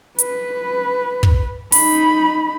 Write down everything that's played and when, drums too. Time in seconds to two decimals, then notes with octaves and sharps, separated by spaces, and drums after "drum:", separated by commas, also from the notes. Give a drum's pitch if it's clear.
0.18 B4, drum: hi-hat
1.23 drum: kick
1.72 D#4 B5, drum: open hi-hat